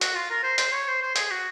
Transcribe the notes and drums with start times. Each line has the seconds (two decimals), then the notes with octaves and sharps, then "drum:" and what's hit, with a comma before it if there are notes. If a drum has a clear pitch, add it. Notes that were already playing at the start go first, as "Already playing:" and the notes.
0.01 F#4, drum: hi-hat
0.15 F4
0.30 A#4
0.44 C5
0.58 C5, drum: hi-hat
0.73 C#5
0.88 C5
1.02 C5
1.16 G#4, drum: hi-hat
1.31 F#4